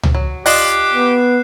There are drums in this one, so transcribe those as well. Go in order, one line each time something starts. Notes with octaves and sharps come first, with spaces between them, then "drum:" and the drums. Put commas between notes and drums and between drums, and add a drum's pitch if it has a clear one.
drum: tom C#2
F#3
F4 G4 D5 D#5 F#6 C7 E7, drum: open hi-hat
B3